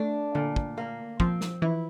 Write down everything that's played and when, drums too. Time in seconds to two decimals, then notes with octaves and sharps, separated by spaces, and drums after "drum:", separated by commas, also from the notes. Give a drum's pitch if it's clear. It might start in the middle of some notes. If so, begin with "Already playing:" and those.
Already playing: A3 D4
0.35 A#2 D3
0.56 drum: kick
0.78 A#3
1.20 F3 C4, drum: kick
1.41 drum: snare
1.62 E3 E4